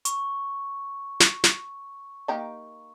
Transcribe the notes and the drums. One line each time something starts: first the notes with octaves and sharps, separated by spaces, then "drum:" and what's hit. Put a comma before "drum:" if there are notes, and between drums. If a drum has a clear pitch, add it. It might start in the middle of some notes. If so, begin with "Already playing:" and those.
C#6, drum: hi-hat
drum: snare
drum: snare
A#3 D#4 G4